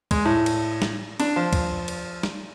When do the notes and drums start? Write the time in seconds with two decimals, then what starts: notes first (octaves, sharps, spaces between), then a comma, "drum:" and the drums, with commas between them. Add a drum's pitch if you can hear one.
0.11 G#3, drum: kick, cymbal
0.25 A2
0.46 drum: cymbal
0.82 drum: snare
1.20 D4, drum: cymbal
1.36 F3
1.53 drum: kick, cymbal
1.88 drum: cymbal
2.23 drum: snare